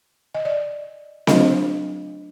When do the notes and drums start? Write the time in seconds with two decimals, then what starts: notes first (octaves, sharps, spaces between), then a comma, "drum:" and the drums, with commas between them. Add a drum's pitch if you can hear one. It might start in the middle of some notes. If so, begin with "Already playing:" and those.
0.34 D#5
0.45 D5
1.27 F#3 A3 D4 F4 D#5, drum: snare C4